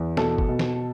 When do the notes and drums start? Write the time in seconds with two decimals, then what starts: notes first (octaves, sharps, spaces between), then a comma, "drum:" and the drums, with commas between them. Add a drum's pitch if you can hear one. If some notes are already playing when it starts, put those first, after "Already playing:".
Already playing: E2
0.17 B2 A4, drum: snare
0.38 drum: kick G#1
0.49 B2
0.59 drum: snare